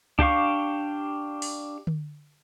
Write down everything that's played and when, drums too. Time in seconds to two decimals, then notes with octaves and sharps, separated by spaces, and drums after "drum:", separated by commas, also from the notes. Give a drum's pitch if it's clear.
0.19 D4 G4 F5 C#6, drum: kick C#2
1.42 drum: open hi-hat
1.87 drum: tom D3